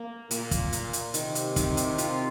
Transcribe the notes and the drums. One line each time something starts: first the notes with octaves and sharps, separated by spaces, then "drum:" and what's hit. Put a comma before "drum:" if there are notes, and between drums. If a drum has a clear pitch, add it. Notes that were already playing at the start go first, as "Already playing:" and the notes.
Already playing: A#3
A#2 A#3, drum: hi-hat
drum: kick, hi-hat
A#3, drum: hi-hat
drum: hi-hat
C3 D#3, drum: hi-hat
drum: hi-hat
D#3, drum: kick, hi-hat
drum: hi-hat
F4, drum: hi-hat